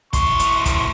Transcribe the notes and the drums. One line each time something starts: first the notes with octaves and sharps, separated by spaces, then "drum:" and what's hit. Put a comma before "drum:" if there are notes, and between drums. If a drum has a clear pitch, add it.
A2 C6 C#6, drum: kick, hi-hat
drum: hi-hat
drum: kick, hi-hat